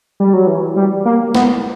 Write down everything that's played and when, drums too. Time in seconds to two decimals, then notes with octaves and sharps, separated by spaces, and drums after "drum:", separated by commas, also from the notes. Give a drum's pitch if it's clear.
0.20 G3
0.33 F#3
0.47 E3
0.76 G3
1.06 A#3
1.35 B3, drum: snare